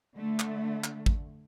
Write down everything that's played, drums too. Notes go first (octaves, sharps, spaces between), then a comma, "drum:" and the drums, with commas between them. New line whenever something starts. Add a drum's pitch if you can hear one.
D3 A3
drum: clap
drum: clap
drum: kick